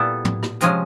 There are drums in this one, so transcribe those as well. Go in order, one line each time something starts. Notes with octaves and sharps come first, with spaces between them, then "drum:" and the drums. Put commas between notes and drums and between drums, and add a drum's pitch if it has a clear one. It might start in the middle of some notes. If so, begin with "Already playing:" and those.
Already playing: A#2 G3 B3 E4 A4
drum: tom
drum: rim click
C3 F3 G#3 C#4, drum: hi-hat